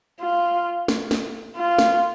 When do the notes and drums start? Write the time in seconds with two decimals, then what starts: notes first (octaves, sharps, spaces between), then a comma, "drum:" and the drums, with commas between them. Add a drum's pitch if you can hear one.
0.21 F4
0.88 drum: snare
1.11 drum: snare
1.57 F4
1.79 drum: snare